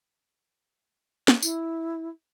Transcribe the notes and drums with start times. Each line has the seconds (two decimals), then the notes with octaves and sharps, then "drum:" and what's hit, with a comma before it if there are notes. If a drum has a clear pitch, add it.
1.28 drum: snare
1.42 E4, drum: tambourine